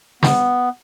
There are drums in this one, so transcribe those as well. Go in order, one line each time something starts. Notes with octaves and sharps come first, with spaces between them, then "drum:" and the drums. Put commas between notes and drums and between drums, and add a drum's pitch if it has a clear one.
B3, drum: snare